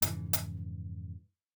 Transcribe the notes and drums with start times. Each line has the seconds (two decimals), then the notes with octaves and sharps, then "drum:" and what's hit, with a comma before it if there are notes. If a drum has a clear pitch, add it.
0.02 F2 G#2 C#3 E3, drum: hi-hat
0.33 drum: hi-hat